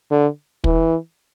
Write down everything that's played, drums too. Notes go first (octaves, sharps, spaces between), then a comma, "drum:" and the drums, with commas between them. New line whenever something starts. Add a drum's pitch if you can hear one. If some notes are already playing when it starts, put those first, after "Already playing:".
D3
E3, drum: kick